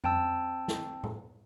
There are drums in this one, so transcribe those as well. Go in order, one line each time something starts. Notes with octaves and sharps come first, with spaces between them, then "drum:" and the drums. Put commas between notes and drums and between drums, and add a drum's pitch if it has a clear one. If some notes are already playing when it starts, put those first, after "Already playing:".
C4 G5 A5 E6, drum: tom F2
drum: snare
drum: tom A2